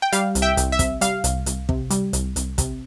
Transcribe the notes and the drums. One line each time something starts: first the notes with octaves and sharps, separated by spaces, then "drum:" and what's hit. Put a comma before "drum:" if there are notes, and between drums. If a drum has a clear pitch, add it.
G5
G3 F5, drum: hi-hat
C2, drum: hi-hat
E5 G5
C2, drum: hi-hat
E5
C3, drum: kick, hi-hat
G3 F5, drum: hi-hat
C2, drum: hi-hat
C2, drum: hi-hat
C3, drum: kick
G3, drum: hi-hat
C2, drum: hi-hat
C2, drum: hi-hat
C3, drum: kick, hi-hat